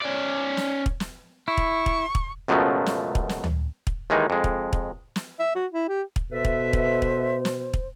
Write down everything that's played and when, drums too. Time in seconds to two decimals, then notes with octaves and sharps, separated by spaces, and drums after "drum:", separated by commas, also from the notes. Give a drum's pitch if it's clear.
0.02 C#4 D5
0.57 drum: snare
0.86 drum: kick
1.00 drum: snare
1.48 E4 C#6
1.57 drum: kick
1.86 drum: kick
2.15 drum: kick
2.48 C#2 F#2 B2 F3 F#3 A3
2.86 drum: snare
3.15 drum: kick
3.29 drum: snare
3.44 drum: tom D2
3.87 drum: kick
4.10 D#2 D#3 E3 G#3 D#4
4.30 F2 G#3
4.44 drum: kick
4.73 drum: kick
5.16 drum: snare
5.39 E5
5.55 F#4
5.72 E4
5.88 G4
6.16 drum: kick
6.31 B2 A4 B4 C5 E5
6.45 drum: kick
6.73 drum: kick
7.02 drum: kick
7.45 drum: snare
7.74 drum: kick